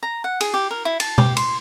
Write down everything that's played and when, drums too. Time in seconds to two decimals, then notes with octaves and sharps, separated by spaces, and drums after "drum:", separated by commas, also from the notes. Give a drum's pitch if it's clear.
0.03 A#5
0.24 F#5
0.41 G#4, drum: cymbal
0.54 G4
0.71 A#4
0.85 E4
1.00 A5, drum: cymbal
1.18 G4, drum: tom B2
1.37 C6, drum: cymbal